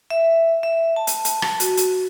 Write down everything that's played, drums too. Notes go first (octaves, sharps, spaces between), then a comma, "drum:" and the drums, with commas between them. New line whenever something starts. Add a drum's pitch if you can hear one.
E5
E5
A5
drum: hi-hat
drum: hi-hat
drum: rim click
F#4, drum: hi-hat
drum: hi-hat